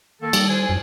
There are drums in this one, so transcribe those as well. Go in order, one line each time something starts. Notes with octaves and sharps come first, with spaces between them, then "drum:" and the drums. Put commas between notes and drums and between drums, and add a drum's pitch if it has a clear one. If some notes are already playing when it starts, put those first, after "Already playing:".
D#3 A#3 A4
G3, drum: cymbal
A4 C5 G#5
F#2